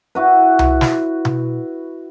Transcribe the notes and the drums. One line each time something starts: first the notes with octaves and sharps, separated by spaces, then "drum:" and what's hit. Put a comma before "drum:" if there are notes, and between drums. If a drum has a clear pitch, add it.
E4 F#4 B4
drum: tom C2
drum: snare
drum: tom B2